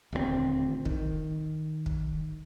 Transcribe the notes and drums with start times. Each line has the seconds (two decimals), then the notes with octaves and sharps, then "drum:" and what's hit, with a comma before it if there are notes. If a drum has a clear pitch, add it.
0.13 D#1 D2 G#3 C4
0.85 D#3, drum: kick
1.86 drum: kick